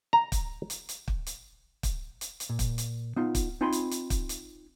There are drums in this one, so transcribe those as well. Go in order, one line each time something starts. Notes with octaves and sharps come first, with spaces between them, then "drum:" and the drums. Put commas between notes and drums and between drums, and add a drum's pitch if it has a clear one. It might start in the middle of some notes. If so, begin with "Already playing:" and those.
A#5
drum: kick, hi-hat
drum: hi-hat
drum: hi-hat
drum: kick
drum: hi-hat
drum: kick, hi-hat
drum: hi-hat
drum: hi-hat
A#2
drum: kick, hi-hat
drum: hi-hat
B3 D#4 F4
drum: kick, hi-hat
C4 D#4 F4 G#5 B5 C6
drum: hi-hat
drum: hi-hat
drum: kick, hi-hat
drum: hi-hat